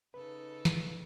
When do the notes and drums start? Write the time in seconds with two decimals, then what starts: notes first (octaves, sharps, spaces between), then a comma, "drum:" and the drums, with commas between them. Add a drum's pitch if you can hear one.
0.14 C#3 D#4 A4 B4
0.65 drum: snare